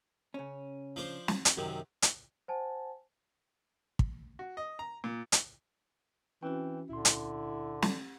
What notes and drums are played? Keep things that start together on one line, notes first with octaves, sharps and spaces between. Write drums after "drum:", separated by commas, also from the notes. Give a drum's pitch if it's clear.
C#3 C#4
F3 D4 C5
drum: snare
drum: hi-hat
F#2 C3 D#3 F#3
drum: hi-hat
C5 F#5 G#5 A5
drum: kick
F#4
D#5
A#5
A#2
drum: hi-hat
E3 C4 C#4 F#4 G5
C#2 A#2 D3 E4 C6
drum: hi-hat
drum: snare